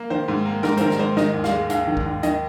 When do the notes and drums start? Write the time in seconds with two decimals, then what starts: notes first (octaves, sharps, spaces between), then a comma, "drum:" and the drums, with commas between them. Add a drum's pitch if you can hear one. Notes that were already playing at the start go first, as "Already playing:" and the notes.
Already playing: A#3
0.10 D#3 C5
0.28 G#2
0.46 A#3
0.63 G#2 A#4, drum: snare
0.77 C5, drum: hi-hat
0.81 D#3 A#4
0.90 drum: snare
0.99 G#2 C5
1.17 D#3 D#5, drum: snare
1.34 D#2
1.44 F5, drum: snare
1.52 G#3
1.70 D#2 F5, drum: hi-hat
1.87 D#3
1.97 drum: kick B1
2.06 D#2
2.23 D#3 D#5, drum: hi-hat